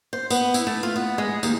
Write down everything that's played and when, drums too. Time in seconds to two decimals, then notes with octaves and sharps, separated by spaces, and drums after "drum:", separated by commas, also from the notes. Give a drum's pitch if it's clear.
0.13 C5
0.30 B3, drum: tambourine
0.54 E4, drum: tambourine
0.67 A3
0.83 F4
0.96 B3
1.18 G#3
1.43 D#2, drum: tambourine